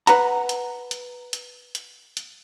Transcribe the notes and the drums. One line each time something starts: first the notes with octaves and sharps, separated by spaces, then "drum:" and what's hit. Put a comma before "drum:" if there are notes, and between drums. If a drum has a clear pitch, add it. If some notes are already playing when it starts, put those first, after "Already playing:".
B4 F#5 A#5, drum: hi-hat
drum: hi-hat
drum: hi-hat
drum: hi-hat
drum: hi-hat
drum: hi-hat